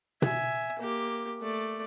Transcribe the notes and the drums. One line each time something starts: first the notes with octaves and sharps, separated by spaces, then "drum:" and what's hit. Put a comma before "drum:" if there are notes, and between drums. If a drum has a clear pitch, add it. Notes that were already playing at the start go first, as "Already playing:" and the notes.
E5 G#5, drum: tom B2
A#3 G4
A3 D5